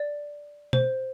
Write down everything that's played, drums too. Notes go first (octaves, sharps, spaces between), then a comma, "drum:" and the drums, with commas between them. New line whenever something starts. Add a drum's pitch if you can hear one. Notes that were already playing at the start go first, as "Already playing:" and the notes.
Already playing: D5
C5, drum: tom B2